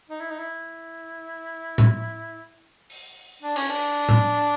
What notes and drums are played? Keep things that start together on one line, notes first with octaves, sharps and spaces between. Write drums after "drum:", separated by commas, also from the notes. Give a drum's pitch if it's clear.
D#4
E4
D#4
E4
drum: tom A2
drum: open hi-hat
D4
C#4, drum: cymbal
D4
drum: tom A2